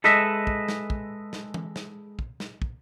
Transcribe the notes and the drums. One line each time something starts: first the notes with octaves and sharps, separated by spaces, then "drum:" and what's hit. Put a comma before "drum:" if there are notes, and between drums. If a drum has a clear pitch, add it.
G#3 A4 B4 D#5 E5, drum: snare
drum: kick
drum: snare
drum: kick
drum: snare
drum: tom E3
drum: snare
drum: kick
drum: snare
drum: kick